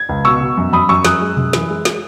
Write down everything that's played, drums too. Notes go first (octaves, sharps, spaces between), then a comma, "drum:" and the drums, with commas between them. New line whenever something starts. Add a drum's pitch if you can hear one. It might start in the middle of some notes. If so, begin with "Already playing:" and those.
Already playing: G#6
C#2
B2 C#6 E6
B2
F#2
F#2 B5 D#6
F#2 C#6 E6
F#2 D#6 F#6, drum: snare
G#3
F#2, drum: tom B2
E3, drum: snare
G#3
G#3, drum: snare